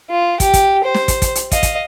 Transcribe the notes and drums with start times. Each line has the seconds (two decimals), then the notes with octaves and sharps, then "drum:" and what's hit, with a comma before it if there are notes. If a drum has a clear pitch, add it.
0.11 F4
0.40 G4, drum: kick, hi-hat
0.54 drum: kick, hi-hat
0.85 C5
0.94 drum: snare
1.08 drum: kick, hi-hat
1.22 drum: kick, hi-hat
1.35 drum: hi-hat
1.52 D#5 F5, drum: kick, hi-hat
1.63 drum: kick, hi-hat